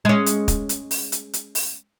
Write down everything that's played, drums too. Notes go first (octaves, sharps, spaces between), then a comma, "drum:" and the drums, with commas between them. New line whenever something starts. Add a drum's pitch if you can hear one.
G#3 C#4
drum: hi-hat
drum: kick, hi-hat
drum: hi-hat
drum: open hi-hat
drum: hi-hat
drum: hi-hat
drum: open hi-hat